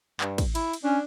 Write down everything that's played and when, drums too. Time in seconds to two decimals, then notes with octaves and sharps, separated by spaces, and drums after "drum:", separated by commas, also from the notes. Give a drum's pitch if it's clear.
0.21 G2, drum: clap
0.38 drum: kick, cymbal
0.55 E4, drum: cymbal
0.73 drum: cymbal
0.84 C#4 D4